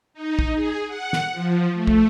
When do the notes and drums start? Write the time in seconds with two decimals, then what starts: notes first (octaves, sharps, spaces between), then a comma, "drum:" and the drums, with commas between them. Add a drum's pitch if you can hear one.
0.14 D#4
0.39 drum: kick
0.54 G#4
0.87 F#5
1.13 drum: snare
1.32 F3
1.73 A3
1.87 drum: kick